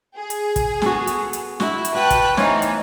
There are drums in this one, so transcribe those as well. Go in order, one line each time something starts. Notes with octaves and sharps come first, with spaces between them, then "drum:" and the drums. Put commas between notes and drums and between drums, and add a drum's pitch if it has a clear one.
G#4
drum: hi-hat
drum: kick, hi-hat
B3 F#4 A4, drum: snare
drum: hi-hat
drum: hi-hat
E4 F#4, drum: snare
drum: hi-hat
F#4 B4 G5 A5 F#6
drum: kick, hi-hat
E3 A3 B3 D#4 C5 C#5 F5, drum: snare
drum: hi-hat